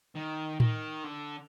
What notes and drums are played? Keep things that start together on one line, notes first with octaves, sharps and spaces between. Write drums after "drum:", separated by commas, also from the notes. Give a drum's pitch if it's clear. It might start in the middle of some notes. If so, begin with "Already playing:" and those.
D#3
D#3, drum: tom A2
D3